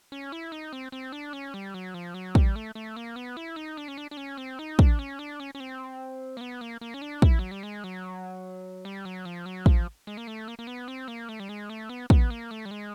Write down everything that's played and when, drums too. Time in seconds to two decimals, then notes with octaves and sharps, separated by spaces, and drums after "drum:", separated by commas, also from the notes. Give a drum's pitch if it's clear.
0.12 C#4
0.32 E4
0.52 D#4
0.73 C4
0.92 C4
1.12 D4
1.33 C#4
1.54 G3
1.74 F#3
1.94 F3
2.14 F#3
2.35 G3, drum: kick
2.56 A3
2.75 A3
2.96 A#3
3.16 B3
3.37 E4
3.56 D#4
3.77 D4
3.88 C#4
3.98 D4
4.11 D4
4.17 C#4
4.38 C4
4.59 D#4
4.79 D4, drum: kick
4.99 C#4
5.19 D4
5.40 C#4
5.55 C#4
5.60 C4
6.37 A#3
6.41 B3
6.61 A#3
6.81 A#3
6.94 C#4
7.02 D4
7.22 E4, drum: kick
7.39 F#3
7.51 G3
7.63 G#3
7.84 F#3
8.85 G3
9.05 F#3
9.25 F3
9.46 F#3
9.66 F3, drum: kick
10.07 G#3
10.17 A#3
10.27 A3
10.48 A#3
10.59 A#3
10.67 B3
10.88 C4
11.08 A#3
11.29 A3
11.40 G3
11.49 G#3
11.70 A3
11.89 B3
12.10 B3, drum: kick
12.30 A#3
12.51 A3
12.65 G3
12.71 G#3